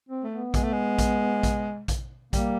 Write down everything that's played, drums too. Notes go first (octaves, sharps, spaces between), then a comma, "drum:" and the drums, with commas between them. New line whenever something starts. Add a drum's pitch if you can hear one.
C4
A3
B3
G#3, drum: kick A#1, hi-hat
A3
G#3
drum: kick A#1, hi-hat
drum: kick A#1, hi-hat
drum: kick A#1, hi-hat
G3 A#3, drum: kick A#1, hi-hat